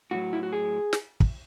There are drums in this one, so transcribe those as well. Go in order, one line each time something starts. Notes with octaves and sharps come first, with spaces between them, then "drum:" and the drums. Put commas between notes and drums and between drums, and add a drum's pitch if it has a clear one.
A2 F#3 F#4
E4
F#4
G#4
drum: snare
drum: kick